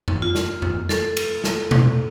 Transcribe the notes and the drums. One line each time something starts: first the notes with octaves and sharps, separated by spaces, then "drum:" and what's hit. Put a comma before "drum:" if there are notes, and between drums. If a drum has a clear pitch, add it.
drum: tom F#2
F4
drum: snare
drum: tom F#2
A4, drum: snare
drum: cymbal
drum: snare
drum: tom B2